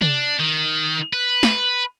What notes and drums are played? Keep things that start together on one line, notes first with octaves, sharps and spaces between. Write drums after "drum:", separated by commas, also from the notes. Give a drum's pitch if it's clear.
D4, drum: tom
D#3
B4
drum: snare